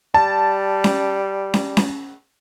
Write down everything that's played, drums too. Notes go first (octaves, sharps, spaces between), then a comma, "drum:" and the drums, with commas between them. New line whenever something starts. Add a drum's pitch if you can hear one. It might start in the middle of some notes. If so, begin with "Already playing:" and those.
G3 A5
drum: snare C#4
drum: snare C#4
drum: snare C#4